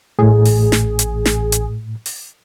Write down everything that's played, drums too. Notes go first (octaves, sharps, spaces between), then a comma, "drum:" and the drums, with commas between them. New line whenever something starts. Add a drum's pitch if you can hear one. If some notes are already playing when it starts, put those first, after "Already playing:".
A1 A2 G#4
drum: open hi-hat
drum: snare
drum: hi-hat
drum: snare
drum: hi-hat
drum: open hi-hat